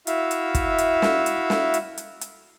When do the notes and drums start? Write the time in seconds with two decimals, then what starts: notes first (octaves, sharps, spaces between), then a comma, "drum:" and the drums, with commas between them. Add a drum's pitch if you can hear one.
0.07 E4 F#4 E5 F5, drum: hi-hat
0.31 drum: hi-hat
0.55 drum: kick, hi-hat
0.78 drum: hi-hat
1.02 drum: snare
1.26 drum: hi-hat
1.50 drum: snare
1.74 drum: hi-hat
1.98 drum: hi-hat
2.21 drum: hi-hat